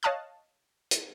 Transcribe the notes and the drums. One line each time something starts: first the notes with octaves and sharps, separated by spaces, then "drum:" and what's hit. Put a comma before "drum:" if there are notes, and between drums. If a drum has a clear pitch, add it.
C#5 D#5 F5 A5 D#6 F#6
drum: hi-hat